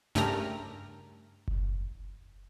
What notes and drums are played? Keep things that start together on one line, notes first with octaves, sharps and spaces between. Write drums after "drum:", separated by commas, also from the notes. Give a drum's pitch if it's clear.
G2 C#3 A3 G4 A#4 A#5, drum: snare
drum: kick F#1